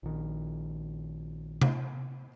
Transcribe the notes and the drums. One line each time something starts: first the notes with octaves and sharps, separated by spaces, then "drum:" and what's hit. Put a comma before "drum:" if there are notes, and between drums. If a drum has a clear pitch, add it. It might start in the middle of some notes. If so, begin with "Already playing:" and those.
A#1 D#3
drum: tom C3